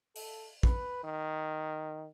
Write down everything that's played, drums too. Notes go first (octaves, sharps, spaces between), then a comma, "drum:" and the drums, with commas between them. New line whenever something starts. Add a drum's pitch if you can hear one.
A4, drum: open hi-hat
B4, drum: kick
D#3